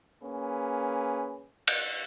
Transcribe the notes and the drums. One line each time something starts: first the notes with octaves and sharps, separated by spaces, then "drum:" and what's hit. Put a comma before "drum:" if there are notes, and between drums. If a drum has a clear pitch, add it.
A#3 C#4 G#4 B4
drum: cymbal